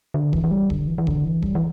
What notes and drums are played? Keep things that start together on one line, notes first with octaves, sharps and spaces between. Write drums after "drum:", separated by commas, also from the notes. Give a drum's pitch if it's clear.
D3
E3, drum: kick
E3
G3
D3, drum: kick
E3
E3
D3, drum: kick
E3
G3, drum: kick
E3